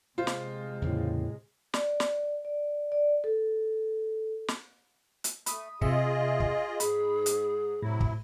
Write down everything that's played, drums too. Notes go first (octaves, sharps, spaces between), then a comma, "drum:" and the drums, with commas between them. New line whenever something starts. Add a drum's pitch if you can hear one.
C3 G#3 F4 C5
drum: snare
E2 A2 C#3 A#3
D5, drum: snare
drum: snare
D5
D5
A4
drum: snare
drum: hi-hat
A3 B5 D#6, drum: hi-hat
C3 F4 G#4 D#5 E5, drum: kick
drum: kick
G#2 G#4 B5, drum: hi-hat
drum: hi-hat
A2 C3 F#3 E4
drum: kick